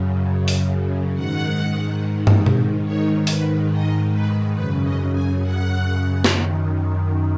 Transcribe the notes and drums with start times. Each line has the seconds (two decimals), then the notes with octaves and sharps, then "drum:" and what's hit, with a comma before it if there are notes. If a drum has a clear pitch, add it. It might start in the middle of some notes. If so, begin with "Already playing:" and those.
Already playing: F#2 C#3
0.48 drum: open hi-hat
1.14 G#2 D#3 F#5
2.27 drum: tom
2.46 drum: tom B2
2.84 G#2 D#3 C#5
3.27 B4, drum: open hi-hat
3.70 D#5
4.12 B4
4.55 F#2 C#3 B4
4.83 D#5
5.12 G#5
5.40 F#5
6.24 F#2 D#3, drum: snare